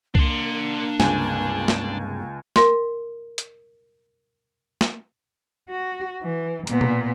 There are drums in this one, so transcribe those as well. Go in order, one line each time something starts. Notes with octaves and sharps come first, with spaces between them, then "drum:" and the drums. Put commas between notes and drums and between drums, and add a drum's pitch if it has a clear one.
A#3 D4 C6, drum: kick C2
C#2 G2 C3 G#3 G#5, drum: snare
drum: snare
A#4 C6, drum: snare
drum: hi-hat
drum: snare
F#4
E3
A#2 B3, drum: hi-hat
drum: tom B2